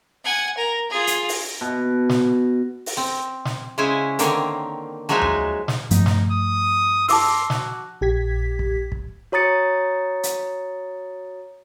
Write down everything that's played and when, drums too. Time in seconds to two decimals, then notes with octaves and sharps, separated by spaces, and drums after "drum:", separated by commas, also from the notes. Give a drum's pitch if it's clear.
0.24 F#5 G#5
0.57 A#4
0.90 F4 G#4
1.07 drum: hi-hat
1.29 drum: open hi-hat
1.61 B2
2.09 drum: snare
2.86 drum: open hi-hat
2.97 C4
3.45 drum: snare
3.78 C#3 G#3 E4 C5 C#5 G#5
4.19 D3 D#3 A#3 C4 C#5 F5, drum: hi-hat
5.09 F3 F#3 G#3 D#4 E5 G#5
5.21 drum: tom D#2
5.68 drum: snare
5.91 G2 F3 A3 D#4, drum: hi-hat
6.06 drum: snare
6.32 D#6
7.08 A5 C6 D6 E6, drum: open hi-hat
7.50 F#4, drum: snare
8.01 A#1 G4 G#6 B6
8.59 drum: kick
8.92 drum: kick
9.32 F#4 C#5 A#5 D#6 A6 C#7
10.23 drum: hi-hat